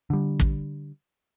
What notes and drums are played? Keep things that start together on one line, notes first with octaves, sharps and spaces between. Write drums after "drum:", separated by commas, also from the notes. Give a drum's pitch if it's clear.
D3 G3
drum: kick